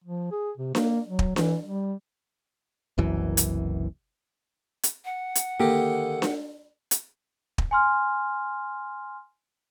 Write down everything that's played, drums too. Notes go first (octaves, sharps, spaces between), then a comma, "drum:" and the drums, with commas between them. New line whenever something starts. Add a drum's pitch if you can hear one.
F3
G#4
C3
A#3, drum: snare D4
F#3
drum: kick
E3, drum: snare D4
G3
F#1 C2 F#2 E3
drum: hi-hat
drum: hi-hat
F#5
drum: hi-hat
D3 D#3 A#3 G4
drum: snare D4
drum: hi-hat
drum: kick
G#5 C6 F6